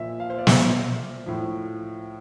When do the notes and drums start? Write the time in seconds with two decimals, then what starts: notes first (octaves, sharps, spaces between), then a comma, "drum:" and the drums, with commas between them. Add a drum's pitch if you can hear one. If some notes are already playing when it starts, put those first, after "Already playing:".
Already playing: A#2 F3 E5
0.20 F5
0.30 C5
0.39 D5
0.47 E5, drum: snare
1.26 A2 F3